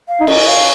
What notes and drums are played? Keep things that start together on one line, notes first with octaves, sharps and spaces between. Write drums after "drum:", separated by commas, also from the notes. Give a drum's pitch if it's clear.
F5
D#4
C#4 D#5, drum: cymbal
F5